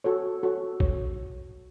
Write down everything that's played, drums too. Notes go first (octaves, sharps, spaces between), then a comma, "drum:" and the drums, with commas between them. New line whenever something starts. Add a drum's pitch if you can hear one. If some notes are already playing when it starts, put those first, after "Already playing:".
F#4 A4 C#5
F#4 A4 C#5
C#5, drum: kick A#1